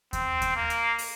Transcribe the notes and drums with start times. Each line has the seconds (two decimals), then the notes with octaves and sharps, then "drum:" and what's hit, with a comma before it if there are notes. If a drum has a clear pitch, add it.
0.13 C4, drum: kick D#2, hi-hat
0.42 drum: kick D#2, hi-hat
0.56 A#3
0.70 drum: hi-hat
0.98 drum: open hi-hat